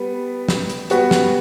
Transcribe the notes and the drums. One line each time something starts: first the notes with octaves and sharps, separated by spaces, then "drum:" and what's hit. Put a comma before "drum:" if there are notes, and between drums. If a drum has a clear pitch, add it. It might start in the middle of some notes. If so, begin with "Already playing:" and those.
Already playing: G3 B3
drum: snare
drum: hi-hat
G3 B3 F#4, drum: hi-hat
drum: snare